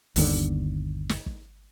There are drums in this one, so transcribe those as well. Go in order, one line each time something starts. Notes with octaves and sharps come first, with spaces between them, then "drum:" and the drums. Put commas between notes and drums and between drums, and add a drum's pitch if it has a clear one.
G1 D#2 D3, drum: open hi-hat
drum: snare
drum: kick